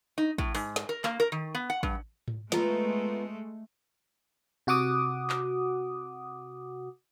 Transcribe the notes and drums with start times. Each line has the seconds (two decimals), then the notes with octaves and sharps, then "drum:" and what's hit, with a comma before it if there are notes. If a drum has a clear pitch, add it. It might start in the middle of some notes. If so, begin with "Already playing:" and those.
0.18 D#4
0.38 A2, drum: kick
0.55 G#2, drum: open hi-hat
0.76 drum: snare
0.89 A#4
1.04 A#3, drum: clap
1.20 A#4
1.32 D#3
1.55 B3
1.70 F#5
1.83 G2, drum: kick
2.28 drum: tom G#2
2.52 G#3 A3 B3 F4 A#5, drum: snare
4.67 C3 F#4 F#5 D6 D#6
5.30 drum: clap